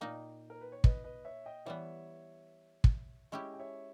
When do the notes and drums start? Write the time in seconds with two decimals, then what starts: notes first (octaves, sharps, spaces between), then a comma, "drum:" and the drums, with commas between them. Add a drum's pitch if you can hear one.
0.01 A#2 A#3 D#4 D#5 G5
0.50 A#4
0.61 B4
0.72 C#5
0.84 B4 D#5, drum: kick
1.04 B4 D#5
1.25 C#5 E5
1.46 D#5 G5
1.66 E3 G3 B3 C#5 E5
2.84 drum: kick
3.32 G#3 C#4 E4 G4 D#5 G5
3.54 G5
3.59 C#5 E5